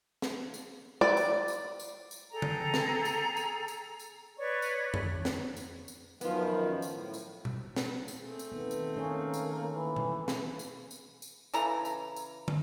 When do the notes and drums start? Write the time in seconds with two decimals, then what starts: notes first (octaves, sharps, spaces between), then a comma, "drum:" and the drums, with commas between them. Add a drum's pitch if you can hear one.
0.22 drum: snare
0.54 drum: tambourine
1.01 D5
1.17 drum: tambourine
1.48 drum: tambourine
1.79 drum: tambourine
2.11 drum: tambourine
2.32 G#4 A4 G5 A#5
2.42 drum: tom C#3
2.74 drum: snare
3.05 drum: tambourine
3.37 drum: tambourine
3.68 drum: tambourine
3.99 drum: tambourine
4.38 B4 C#5 D5 C#6
4.62 drum: tambourine
4.94 drum: tom F2
5.25 drum: snare
5.57 drum: tambourine
5.88 drum: tambourine
6.21 F#2 D#3 F3 B3 F4, drum: tambourine
6.82 drum: tambourine
6.92 A2
7.14 drum: tambourine
7.45 drum: tom B2
7.76 drum: snare
8.08 drum: tambourine
8.21 A3 C4 G#4
8.39 drum: tambourine
8.52 D#3 B3
8.71 drum: tambourine
8.96 A#3 C#4 G#4 C#5
9.34 drum: tambourine
9.73 E3
9.96 drum: tom B2
10.28 drum: snare
10.59 drum: tambourine
10.91 drum: tambourine
11.22 drum: tambourine
11.54 C#3 E3 A4 A#5, drum: tambourine
11.85 drum: tambourine
12.16 drum: tambourine
12.48 drum: tom